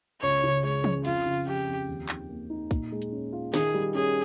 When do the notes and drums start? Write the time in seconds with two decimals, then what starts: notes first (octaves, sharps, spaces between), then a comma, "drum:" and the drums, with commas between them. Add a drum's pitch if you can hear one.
0.22 C#2 C#5
0.44 C#3
0.63 G#3 C#5
0.84 C#4, drum: tom E3
1.05 F2 F4, drum: cymbal
1.26 C#3
1.47 F3 G4
1.68 F2
1.88 D#2
2.09 D#3, drum: clap
2.29 A#3
2.50 D#4
2.71 A#2, drum: kick
2.92 G#3
3.02 drum: hi-hat
3.12 C#4
3.33 F4
3.54 D#3 G#4, drum: snare
3.74 G3
3.94 C#4 G#4